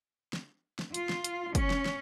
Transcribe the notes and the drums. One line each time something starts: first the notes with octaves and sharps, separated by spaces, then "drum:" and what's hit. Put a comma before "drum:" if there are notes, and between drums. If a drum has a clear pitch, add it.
drum: snare
drum: snare
F4, drum: hi-hat
drum: snare
drum: hi-hat
C#4, drum: kick, hi-hat
drum: snare
drum: snare